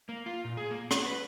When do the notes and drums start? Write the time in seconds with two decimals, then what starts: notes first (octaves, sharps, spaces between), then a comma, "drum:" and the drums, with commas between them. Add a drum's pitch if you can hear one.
0.09 A#3
0.26 F4
0.45 A#2
0.57 G#4
0.71 A#3
0.91 F#5, drum: rim click
1.06 B4